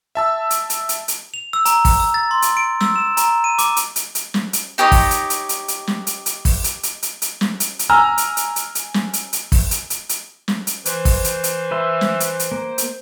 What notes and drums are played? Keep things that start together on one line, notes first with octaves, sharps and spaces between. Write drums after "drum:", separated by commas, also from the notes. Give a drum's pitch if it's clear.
E5 A5 E6
drum: hi-hat
drum: hi-hat
drum: hi-hat
drum: hi-hat
F7
E6
A#5, drum: hi-hat
drum: kick, open hi-hat
E6
A6
C6
drum: hi-hat
D7
E6, drum: snare
E7
A#5, drum: hi-hat
D#7
D6, drum: hi-hat
drum: hi-hat
drum: hi-hat
drum: hi-hat
drum: snare
drum: hi-hat
D#4 G4 C#5 D#5
drum: kick, open hi-hat
drum: hi-hat
drum: hi-hat
drum: hi-hat
drum: hi-hat
drum: snare
drum: hi-hat
drum: hi-hat
drum: kick, open hi-hat
drum: hi-hat
drum: hi-hat
drum: hi-hat
drum: hi-hat
drum: snare
drum: hi-hat
drum: hi-hat
G#5 A#5 E6 F6
drum: hi-hat
drum: hi-hat
drum: hi-hat
drum: hi-hat
drum: snare
drum: hi-hat
drum: hi-hat
drum: kick, open hi-hat
drum: hi-hat
drum: hi-hat
drum: hi-hat
drum: snare
drum: hi-hat
E3 C5, drum: hi-hat
drum: kick, open hi-hat
drum: hi-hat
drum: hi-hat
B4 E5 C6
drum: snare
drum: hi-hat
drum: hi-hat
A#3
drum: hi-hat